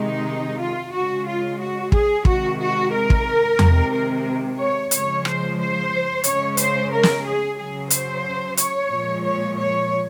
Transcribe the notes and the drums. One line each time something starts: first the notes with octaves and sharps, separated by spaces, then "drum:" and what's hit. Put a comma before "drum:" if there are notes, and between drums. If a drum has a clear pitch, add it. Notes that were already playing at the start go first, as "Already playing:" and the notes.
Already playing: C3 D#3 G#3 D#4
F4
C#3 G#3 F#4
F4
F#4
G#4, drum: kick
C3 D#3 G#3 F#4, drum: kick
F#4
A#4
drum: kick
C3 D#3 G#3, drum: tom E2
A#4
C#5
C#3 F3 G#3 C#5, drum: hi-hat
C5, drum: rim click
C5
C#3 G#3 C#5, drum: hi-hat
C5, drum: hi-hat
A#4
drum: snare
G#4
C#3 F#3 G#4
C5, drum: hi-hat
C#5, drum: hi-hat
A#2 F3 G#3
C#5
C#5